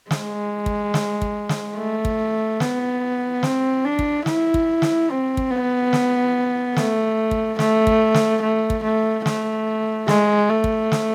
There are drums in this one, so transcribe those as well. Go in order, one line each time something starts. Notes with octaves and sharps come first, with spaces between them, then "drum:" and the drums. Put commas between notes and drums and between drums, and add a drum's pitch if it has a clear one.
G#3, drum: snare
drum: kick
drum: snare
drum: kick
drum: snare
A3
drum: kick
B3, drum: snare
C4, drum: snare
D4
drum: kick
E4, drum: snare
drum: kick
drum: snare
C4
drum: kick
B3
drum: snare
A3, drum: snare
drum: kick
A3, drum: snare
drum: kick
drum: snare
A3
drum: kick
A3
A3, drum: snare
G#3, drum: snare
A3
drum: kick
drum: snare